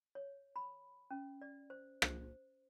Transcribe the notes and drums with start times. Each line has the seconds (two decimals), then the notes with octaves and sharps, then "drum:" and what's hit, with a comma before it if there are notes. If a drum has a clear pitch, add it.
0.15 C#5
0.56 B5
1.11 C#4
1.42 D5
1.70 C5
2.02 C5, drum: rim click